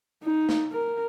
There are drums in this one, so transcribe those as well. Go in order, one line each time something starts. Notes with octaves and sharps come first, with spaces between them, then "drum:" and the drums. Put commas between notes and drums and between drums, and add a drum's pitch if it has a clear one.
D#4
drum: snare
A#4